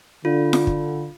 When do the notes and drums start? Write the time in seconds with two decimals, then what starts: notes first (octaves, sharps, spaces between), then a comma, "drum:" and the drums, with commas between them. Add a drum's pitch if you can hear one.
0.25 D3 F4
0.53 drum: snare F4
0.67 drum: kick